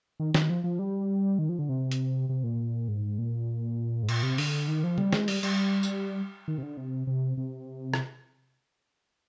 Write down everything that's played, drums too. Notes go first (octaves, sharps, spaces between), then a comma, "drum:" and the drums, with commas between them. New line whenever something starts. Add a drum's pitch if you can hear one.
D#3
D#3, drum: snare
F3
F3
G3
D#3
F3
D3
C3
drum: hi-hat
C3
A#2
G#2
A#2
G#2
A#2, drum: cymbal
C3
D3, drum: open hi-hat
D#3
F3
G3, drum: tom C#3
G#3, drum: snare
G3, drum: open hi-hat
G3, drum: cymbal
drum: tambourine
D#3
C3
D3
C3
C3
C3
drum: rim click